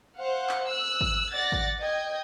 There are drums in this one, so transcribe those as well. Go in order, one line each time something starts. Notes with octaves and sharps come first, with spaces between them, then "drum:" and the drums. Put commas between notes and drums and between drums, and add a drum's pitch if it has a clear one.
C5 F5 F#5
drum: clap
E6 F#6
drum: kick G#1
D5 F#5 A6 A#6
drum: kick G#1
D#5 G5 G#6